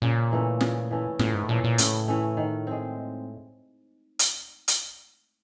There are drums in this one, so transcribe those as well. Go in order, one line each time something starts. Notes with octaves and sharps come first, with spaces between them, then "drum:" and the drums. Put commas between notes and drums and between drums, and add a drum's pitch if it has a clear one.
A#2 C#3
E3 A3 C#4
C#3, drum: snare
E3 A3 C#4
A2 C#3, drum: snare
G#2
A2
A#2 E3 A3 C#4
A#2
A2 C#3, drum: hi-hat
E3 A3 C#4
D#3
G#3 C4
drum: hi-hat
drum: hi-hat